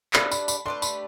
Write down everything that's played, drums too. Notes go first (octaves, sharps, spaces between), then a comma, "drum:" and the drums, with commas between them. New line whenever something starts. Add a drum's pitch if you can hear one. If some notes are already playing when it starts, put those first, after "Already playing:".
A3 D4 G4 B4 B5, drum: clap
B5, drum: tambourine
B5, drum: tambourine
A3 D4 G4 B4 C6
B5, drum: tambourine